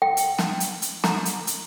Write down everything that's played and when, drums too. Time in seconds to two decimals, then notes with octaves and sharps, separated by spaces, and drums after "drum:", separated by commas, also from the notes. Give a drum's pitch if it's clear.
0.02 G5
0.17 drum: hi-hat
0.39 drum: snare
0.60 drum: hi-hat
0.82 drum: hi-hat
1.04 A#5, drum: snare
1.25 drum: hi-hat
1.47 drum: hi-hat